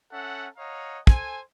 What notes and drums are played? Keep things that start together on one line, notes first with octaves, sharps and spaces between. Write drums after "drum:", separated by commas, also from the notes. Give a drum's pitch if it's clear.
C#4 A4 E5 F#5
C#5 D#5 F5 F#5 A#5
A4 C5 G#5, drum: kick